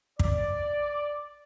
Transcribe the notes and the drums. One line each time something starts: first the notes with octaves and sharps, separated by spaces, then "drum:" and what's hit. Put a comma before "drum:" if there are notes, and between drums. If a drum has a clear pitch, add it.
D5, drum: kick